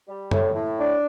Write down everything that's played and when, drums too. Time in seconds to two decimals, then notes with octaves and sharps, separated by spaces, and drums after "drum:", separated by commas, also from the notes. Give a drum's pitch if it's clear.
0.08 G3
0.31 A2, drum: tom
0.55 A2
0.79 D4